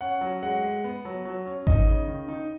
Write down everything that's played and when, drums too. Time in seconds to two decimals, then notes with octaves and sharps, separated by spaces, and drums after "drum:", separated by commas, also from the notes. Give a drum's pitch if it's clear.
0.01 C#4 F#5
0.21 F#3
0.43 G#3 F#5
0.64 G#3
0.84 B3
1.05 F#3
1.25 F#3
1.46 C#4
1.67 D#4 D#5, drum: kick G#1
1.87 C#3
2.08 D#3
2.28 D#4